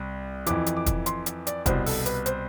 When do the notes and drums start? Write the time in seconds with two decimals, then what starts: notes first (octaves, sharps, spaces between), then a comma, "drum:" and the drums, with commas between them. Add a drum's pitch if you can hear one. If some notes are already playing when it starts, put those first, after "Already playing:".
Already playing: C2
0.46 F2 E3 D6, drum: hi-hat
0.66 drum: hi-hat
0.77 D6
0.86 drum: kick, hi-hat
1.06 C6, drum: hi-hat
1.26 drum: hi-hat
1.47 D5, drum: hi-hat
1.66 C2 B2 C5, drum: kick, hi-hat
1.86 A4, drum: open hi-hat
2.06 B4, drum: hi-hat
2.26 C5, drum: hi-hat